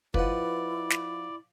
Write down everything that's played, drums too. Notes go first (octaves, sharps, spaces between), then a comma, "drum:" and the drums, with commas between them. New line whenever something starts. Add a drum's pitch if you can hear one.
F3 E4 B4 D5 D#5 F#5, drum: kick
drum: snare